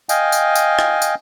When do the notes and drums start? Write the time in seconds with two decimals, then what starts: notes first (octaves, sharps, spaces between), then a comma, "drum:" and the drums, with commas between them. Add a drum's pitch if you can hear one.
0.09 D#5 F5 G5 G#5, drum: tambourine
0.32 drum: tambourine
0.55 drum: tambourine
0.79 drum: rim click
1.02 drum: tambourine